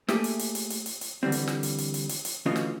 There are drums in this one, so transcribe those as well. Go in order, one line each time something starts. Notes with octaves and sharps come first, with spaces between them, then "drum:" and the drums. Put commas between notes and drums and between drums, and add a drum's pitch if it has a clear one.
A3 A#3 G4 G#4, drum: snare
drum: hi-hat
drum: hi-hat
drum: hi-hat
drum: hi-hat
drum: hi-hat
drum: hi-hat
D3 E3 G3 C4
drum: hi-hat
drum: snare
drum: hi-hat
drum: hi-hat
drum: hi-hat
drum: hi-hat
drum: hi-hat
D2 E3 C#4 F4 D#5
drum: snare